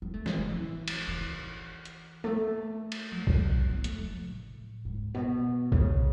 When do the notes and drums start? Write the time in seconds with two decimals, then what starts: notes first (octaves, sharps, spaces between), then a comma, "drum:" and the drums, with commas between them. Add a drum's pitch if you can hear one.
0.02 B3
0.14 A3
0.26 G#3, drum: snare
0.38 F#3
0.50 E3
0.88 drum: cymbal
1.08 E3
1.85 drum: hi-hat
2.24 A3
2.92 drum: cymbal
3.12 F#3
3.27 drum: kick
3.69 B3
3.84 A3, drum: hi-hat
3.99 F#3
4.27 A2
4.85 G#2
5.14 B2
5.72 C#3, drum: kick